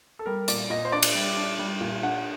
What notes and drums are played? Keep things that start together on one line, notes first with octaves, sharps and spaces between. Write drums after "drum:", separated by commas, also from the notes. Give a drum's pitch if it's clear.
A4
G3 A#4
A#2 D5, drum: hi-hat
A#2 D#5
C5
D4 D5
drum: cymbal
G3
D4
G3
A#2
D4 F#5